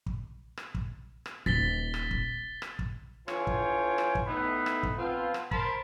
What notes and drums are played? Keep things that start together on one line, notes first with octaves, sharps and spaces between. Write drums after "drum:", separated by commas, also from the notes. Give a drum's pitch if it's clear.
drum: kick
drum: rim click
drum: kick
drum: rim click
D#1 A6 B6 G7
drum: rim click
drum: kick
drum: rim click
drum: kick
D3 E3 F4 C#5 G5 G#5, drum: rim click
drum: kick
drum: rim click
drum: kick
A2 A3 B3 D#4 E5 B5
drum: rim click
drum: kick
F3 B3 C4 F4
drum: rim click
A#4 C5 A5 B5 C6, drum: kick